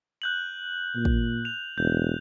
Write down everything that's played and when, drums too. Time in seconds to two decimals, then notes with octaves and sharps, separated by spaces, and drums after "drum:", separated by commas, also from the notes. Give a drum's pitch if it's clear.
0.22 F#6 G6 F#7
0.96 A#2
1.05 drum: kick
1.45 F7
1.78 E1 G6